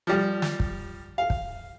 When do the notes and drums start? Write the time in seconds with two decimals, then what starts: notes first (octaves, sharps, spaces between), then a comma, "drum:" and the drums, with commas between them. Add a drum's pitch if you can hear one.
0.07 F3 G3
0.42 drum: snare
0.60 drum: kick
1.18 F5
1.30 drum: kick